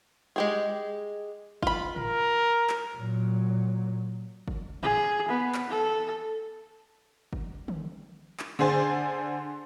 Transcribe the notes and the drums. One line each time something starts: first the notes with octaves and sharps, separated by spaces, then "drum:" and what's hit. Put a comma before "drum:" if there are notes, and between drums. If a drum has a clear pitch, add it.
G#3 G4 G#4
F4 B5, drum: kick
A#4, drum: tom
drum: clap
A#2 F#3
drum: kick
G#4, drum: tom
B3
drum: clap
A4
drum: kick
drum: tom
drum: clap
D3 G#4 C5 G#5 A6